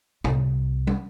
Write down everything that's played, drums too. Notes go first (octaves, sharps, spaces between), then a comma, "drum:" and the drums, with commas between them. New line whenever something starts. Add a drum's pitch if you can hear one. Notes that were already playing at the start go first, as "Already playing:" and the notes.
C2, drum: tom
drum: tom